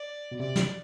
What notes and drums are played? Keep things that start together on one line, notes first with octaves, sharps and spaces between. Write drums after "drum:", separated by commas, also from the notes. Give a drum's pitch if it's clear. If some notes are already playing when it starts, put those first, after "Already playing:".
Already playing: D5
B2
C3 D5
drum: snare